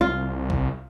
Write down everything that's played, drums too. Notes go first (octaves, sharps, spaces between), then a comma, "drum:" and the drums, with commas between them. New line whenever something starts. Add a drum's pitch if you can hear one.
C2 F4
drum: kick